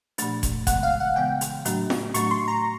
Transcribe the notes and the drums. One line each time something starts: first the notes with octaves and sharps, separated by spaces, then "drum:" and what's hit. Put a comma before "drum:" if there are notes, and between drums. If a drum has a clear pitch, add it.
A#2 F3 A3 D4, drum: hi-hat
drum: kick F#1, hi-hat
C#3 E3 G#3 B3 F#5, drum: kick F#1, hi-hat
F5
F#5
C#3 E3 G#3 B3 G5
drum: hi-hat
A2 F#3 A3 D4, drum: hi-hat
drum: snare F4
A2 F#3 A3 D4 C#6, drum: hi-hat
C6
A#5